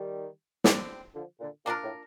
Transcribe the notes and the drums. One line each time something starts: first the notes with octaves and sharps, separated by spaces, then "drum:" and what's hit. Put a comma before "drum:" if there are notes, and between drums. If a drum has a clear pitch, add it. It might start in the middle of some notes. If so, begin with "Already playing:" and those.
Already playing: D#3 G3
D3 G3 C4, drum: snare
D3 F3
A#2 D3
A#2 A#3 D4 F4 A#4
A2